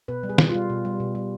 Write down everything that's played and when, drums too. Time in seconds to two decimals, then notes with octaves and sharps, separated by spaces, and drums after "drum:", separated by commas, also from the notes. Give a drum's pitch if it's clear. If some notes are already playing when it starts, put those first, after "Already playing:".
0.08 B2 B4
0.23 G3
0.29 G#4
0.38 B2, drum: snare
0.49 G3 F4
0.70 B2
0.85 G3
1.00 B2
1.15 G3